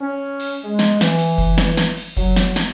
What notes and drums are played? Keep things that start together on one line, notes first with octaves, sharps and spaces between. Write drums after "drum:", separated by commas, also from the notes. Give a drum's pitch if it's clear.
C#4
drum: cymbal
G#3
drum: snare
E3, drum: snare
drum: cymbal
drum: kick F#1, cymbal
drum: snare
drum: snare
drum: cymbal
F#3, drum: kick F#1, cymbal
drum: snare
drum: snare